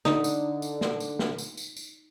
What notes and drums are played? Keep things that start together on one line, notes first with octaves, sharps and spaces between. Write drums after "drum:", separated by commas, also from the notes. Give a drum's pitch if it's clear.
D3 D#4, drum: snare
drum: tambourine
drum: tambourine
drum: snare
drum: tambourine
drum: snare
drum: tambourine
drum: tambourine
drum: tambourine